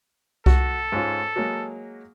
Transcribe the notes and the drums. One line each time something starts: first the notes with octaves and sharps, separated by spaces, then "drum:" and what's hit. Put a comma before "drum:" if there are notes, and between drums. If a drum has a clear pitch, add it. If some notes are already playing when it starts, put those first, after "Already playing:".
F#4 A4, drum: kick C2
G#2 C#4 F4
F#3 G#3 A#3